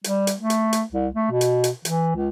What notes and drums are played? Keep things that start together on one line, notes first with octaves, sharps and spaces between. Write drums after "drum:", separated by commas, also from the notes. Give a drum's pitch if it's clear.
G3, drum: hi-hat
drum: hi-hat
A3
drum: hi-hat
drum: hi-hat
C2
A3
B2
drum: hi-hat
drum: hi-hat
E3, drum: hi-hat
C#2